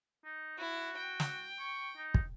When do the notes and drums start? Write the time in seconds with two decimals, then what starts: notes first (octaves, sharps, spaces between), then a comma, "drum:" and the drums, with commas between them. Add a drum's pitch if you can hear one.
0.25 D#4
0.58 E4 F#4
0.97 G5
1.20 drum: snare
1.60 C#6
1.97 D#4
2.14 drum: kick